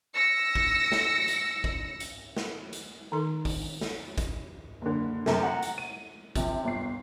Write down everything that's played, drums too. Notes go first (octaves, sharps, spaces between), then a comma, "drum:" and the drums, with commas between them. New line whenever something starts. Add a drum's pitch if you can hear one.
E6 A#6 C#7
drum: kick
drum: snare
drum: hi-hat
drum: kick
drum: hi-hat
drum: snare
drum: hi-hat
D#3 D#4 A4 C6
drum: kick, open hi-hat
drum: snare
drum: kick, hi-hat
F#1 D3
F#2 C3 A3, drum: snare
F#5 A#5
drum: hi-hat
D#7
C3 F3, drum: kick, hi-hat
G1 C7